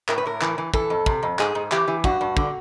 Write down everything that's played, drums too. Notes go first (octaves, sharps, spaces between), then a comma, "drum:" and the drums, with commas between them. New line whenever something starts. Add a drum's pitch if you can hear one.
A2 A#4, drum: clap
B4
A2 A#4
E3, drum: clap
E3
E3 A4, drum: kick
F2
C3, drum: kick
F2
G#2 G#4, drum: clap
G#2
E3 G4, drum: clap
E3
G2 F#4, drum: kick
G2
D3, drum: kick